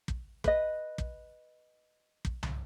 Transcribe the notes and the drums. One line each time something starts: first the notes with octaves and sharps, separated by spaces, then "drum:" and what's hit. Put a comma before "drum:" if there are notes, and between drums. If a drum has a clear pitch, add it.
drum: kick
B4 D#5, drum: kick
drum: kick
drum: kick
drum: tom C2